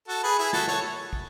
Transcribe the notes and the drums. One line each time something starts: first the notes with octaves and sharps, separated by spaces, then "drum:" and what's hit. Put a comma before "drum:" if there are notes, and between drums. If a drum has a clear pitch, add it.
F#4 A4
G#4 B4
E4 G#4
F#4 A4, drum: snare
A4 C#5, drum: snare
drum: kick